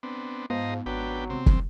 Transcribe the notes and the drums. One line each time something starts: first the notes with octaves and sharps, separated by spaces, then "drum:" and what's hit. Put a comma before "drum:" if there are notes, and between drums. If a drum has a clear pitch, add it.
B3 C4 D4
G#2 F3 B3 C5 D#5 A#5
G#1 F#3 D4 B4 G5
C3 C4
C2, drum: kick